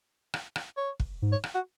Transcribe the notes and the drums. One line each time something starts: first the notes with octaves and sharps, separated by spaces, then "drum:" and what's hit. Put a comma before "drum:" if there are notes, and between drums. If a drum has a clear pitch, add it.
drum: rim click
drum: rim click
C#5
drum: kick
G#2
C#5
drum: rim click
F#4